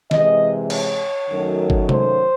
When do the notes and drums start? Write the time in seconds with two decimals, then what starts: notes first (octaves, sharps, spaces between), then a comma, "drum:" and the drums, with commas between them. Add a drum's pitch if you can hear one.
0.11 C3 E3 G#3 D#5, drum: snare
0.70 C#5, drum: cymbal
1.30 F#2 D#3 F#3 A3
1.70 drum: kick
1.89 C5, drum: tom C3